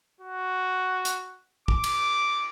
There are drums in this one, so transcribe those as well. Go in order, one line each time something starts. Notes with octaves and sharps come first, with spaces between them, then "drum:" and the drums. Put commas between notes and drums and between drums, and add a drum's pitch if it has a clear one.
F#4
drum: hi-hat
D6, drum: kick
drum: cymbal